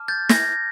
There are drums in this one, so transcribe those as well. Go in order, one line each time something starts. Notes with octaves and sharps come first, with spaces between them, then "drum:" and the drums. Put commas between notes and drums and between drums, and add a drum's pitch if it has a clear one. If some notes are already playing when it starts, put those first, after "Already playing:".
Already playing: A5 D6 F6
G6 A6
G#6 A#6, drum: snare